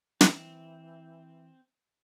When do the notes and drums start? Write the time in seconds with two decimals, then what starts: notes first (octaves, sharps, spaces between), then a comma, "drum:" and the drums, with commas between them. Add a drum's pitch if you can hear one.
0.21 E3 C4, drum: snare